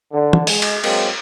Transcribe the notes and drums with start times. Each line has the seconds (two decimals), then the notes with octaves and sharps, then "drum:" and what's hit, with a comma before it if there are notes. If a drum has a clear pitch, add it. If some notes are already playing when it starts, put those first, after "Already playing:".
0.13 D3
0.33 drum: tom
0.47 G#3, drum: open hi-hat
0.62 drum: cymbal
0.84 F#3 G#3 A#3 C4, drum: cymbal